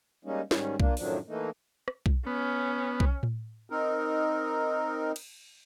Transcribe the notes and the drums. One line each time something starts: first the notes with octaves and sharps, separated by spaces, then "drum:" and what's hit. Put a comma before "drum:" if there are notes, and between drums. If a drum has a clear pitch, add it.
G3 G#3 A#3 C#4 D#4
G#2 D#3 G3 C#4, drum: snare
A#3 D4 F4, drum: kick B1
F#2 A2 D#3 F3 F#3 D4, drum: open hi-hat
E3 A3 A#3 D#4
drum: rim click
drum: kick B1
B3 C#4
drum: kick B1
drum: tom A2
C4 D#4 A#4
drum: cymbal